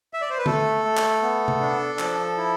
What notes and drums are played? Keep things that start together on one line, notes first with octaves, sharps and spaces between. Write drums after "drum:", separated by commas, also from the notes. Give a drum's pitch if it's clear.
E5
D5
C5
B4
A3 A4, drum: tom D3
A3
drum: clap
B3
drum: tom C3
D4
F3, drum: clap
E4